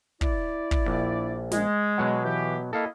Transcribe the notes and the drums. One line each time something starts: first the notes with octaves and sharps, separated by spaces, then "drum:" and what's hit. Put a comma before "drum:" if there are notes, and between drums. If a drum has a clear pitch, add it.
E4 D5, drum: kick
drum: kick
A#1
G#3, drum: snare
B2 F#3 F#5
E3 G4
A#3 E4 A4 D#5 F5